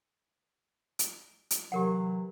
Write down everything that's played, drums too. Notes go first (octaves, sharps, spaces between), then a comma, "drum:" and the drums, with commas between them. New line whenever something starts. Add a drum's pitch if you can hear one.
drum: hi-hat
drum: hi-hat
C3 E3 F#3 G4 A#4 F#5